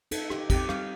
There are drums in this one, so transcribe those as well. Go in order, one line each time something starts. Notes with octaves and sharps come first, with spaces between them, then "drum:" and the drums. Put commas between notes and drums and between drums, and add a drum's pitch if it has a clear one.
D#4 A4, drum: cymbal
D#4 G4, drum: rim click
C4 G4, drum: kick, cymbal
G3 F5, drum: rim click